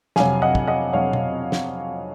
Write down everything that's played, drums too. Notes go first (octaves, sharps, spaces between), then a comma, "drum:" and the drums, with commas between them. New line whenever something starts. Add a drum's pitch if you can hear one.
F2 C3 F#3 F5 G#5, drum: snare
D#5 F#5
drum: kick
D#5 F#5
F2 C3 F#3 C#5 F5
drum: tom B2
drum: snare